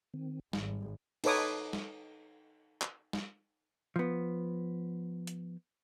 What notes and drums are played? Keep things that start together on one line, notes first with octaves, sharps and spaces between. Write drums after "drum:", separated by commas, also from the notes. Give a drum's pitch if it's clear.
D#3 C4
G#1 G3, drum: snare
D#4 A4 B4 C#5 D6 D#6, drum: cymbal
drum: snare
drum: clap
drum: snare
F3 B3
drum: hi-hat